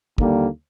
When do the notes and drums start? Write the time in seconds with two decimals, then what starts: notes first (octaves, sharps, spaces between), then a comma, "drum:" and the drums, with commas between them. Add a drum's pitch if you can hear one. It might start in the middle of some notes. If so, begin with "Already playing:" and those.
0.18 D#2 D3 G3 A#3, drum: kick